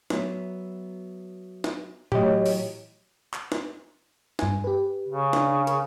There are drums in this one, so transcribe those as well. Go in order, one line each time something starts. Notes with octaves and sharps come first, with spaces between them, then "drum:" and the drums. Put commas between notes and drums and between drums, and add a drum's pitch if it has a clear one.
F#3 B3 E5, drum: snare
drum: snare
A2 E3 F#3 G4 D#5, drum: tom
drum: open hi-hat
drum: clap
drum: snare
G2 G#5, drum: snare
G4 B4
C#3
D4, drum: snare
A#4, drum: hi-hat